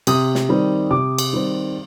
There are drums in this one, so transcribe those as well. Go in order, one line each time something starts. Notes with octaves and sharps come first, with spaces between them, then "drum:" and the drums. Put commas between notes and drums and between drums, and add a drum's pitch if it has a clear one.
C3 D#6, drum: cymbal
drum: snare
D#3 G3 C4
C3 D6
drum: cymbal
D#3 G3 C4